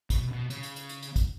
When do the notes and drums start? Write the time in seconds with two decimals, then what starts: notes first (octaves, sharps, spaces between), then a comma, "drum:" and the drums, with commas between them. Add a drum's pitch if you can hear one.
0.10 C#3, drum: kick, hi-hat
0.18 B2
0.33 B2
0.50 C#3, drum: hi-hat
0.63 drum: hi-hat
0.76 drum: hi-hat
0.89 drum: hi-hat
1.03 drum: hi-hat
1.16 drum: kick, hi-hat